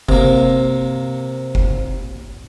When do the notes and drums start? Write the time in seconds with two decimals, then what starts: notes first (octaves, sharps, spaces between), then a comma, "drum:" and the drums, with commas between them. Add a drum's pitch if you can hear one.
0.09 C3 A#3, drum: kick F#1
1.55 drum: kick F#1